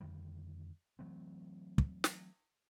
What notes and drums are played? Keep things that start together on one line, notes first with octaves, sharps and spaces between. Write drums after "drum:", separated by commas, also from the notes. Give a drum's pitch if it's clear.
F2 D3 D#3 G3
E3 F#3 A3 C4
drum: kick
drum: snare